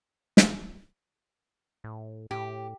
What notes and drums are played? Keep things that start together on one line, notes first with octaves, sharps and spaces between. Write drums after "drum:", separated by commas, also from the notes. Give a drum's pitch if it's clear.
drum: snare
A2
A2 G4